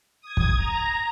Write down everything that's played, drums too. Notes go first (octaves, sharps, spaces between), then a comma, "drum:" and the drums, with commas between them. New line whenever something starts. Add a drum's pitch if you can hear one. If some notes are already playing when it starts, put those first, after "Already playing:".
D#6 G#6
drum: kick
A#5